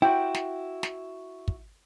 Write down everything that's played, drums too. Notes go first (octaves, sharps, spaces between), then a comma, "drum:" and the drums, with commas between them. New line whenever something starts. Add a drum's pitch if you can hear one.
E4 F#4 G5
drum: snare
drum: snare
drum: kick